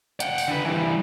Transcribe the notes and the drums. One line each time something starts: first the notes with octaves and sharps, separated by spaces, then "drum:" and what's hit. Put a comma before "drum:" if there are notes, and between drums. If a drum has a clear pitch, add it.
F#5 G5, drum: hi-hat
drum: open hi-hat
D3 B4
E3 G3